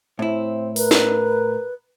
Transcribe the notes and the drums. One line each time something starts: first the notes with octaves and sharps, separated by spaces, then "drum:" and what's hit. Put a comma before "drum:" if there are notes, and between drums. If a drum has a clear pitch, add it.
A2 C4 E4
A#4 B4, drum: open hi-hat
drum: snare